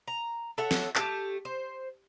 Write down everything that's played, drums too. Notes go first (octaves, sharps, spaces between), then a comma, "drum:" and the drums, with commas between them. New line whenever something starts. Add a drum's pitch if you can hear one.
A#5
A4 C#5 E5 F#5
drum: snare
A3 G4 A5, drum: clap
C5